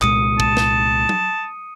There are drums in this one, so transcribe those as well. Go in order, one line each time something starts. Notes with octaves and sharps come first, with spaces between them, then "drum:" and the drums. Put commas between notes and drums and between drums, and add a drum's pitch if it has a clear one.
C2 A#2 G#3 D#6 C#7 D#7, drum: clap
A5, drum: kick
drum: snare
drum: tom F#3